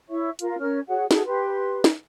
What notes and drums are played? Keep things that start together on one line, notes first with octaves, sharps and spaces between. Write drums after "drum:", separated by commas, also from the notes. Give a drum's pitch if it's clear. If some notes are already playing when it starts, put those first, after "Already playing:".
E4 C#5 E5 C#6
F4 A#4, drum: hi-hat
C#4 A#4 F6
F#4 G#4 C#5 F#5
F#4 G#4 A4, drum: snare
G4 B4 C6
drum: snare